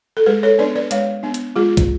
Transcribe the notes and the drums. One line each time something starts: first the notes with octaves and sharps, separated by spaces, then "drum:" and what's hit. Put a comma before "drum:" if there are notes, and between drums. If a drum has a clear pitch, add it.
A4
G#3 G#4 B4
A4 C#5
B3 D4 B4 D5
B4 D5
G#3 C#5 F5, drum: hi-hat
B3 D4
drum: hi-hat
G#3 F4 G#4
drum: kick, hi-hat